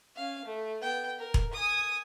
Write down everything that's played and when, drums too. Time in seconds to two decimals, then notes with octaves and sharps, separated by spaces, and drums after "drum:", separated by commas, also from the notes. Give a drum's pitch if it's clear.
0.16 C#4 F5
0.45 A3
0.82 B3 G5
1.19 A#4
1.34 drum: kick E1
1.53 G#5 D#6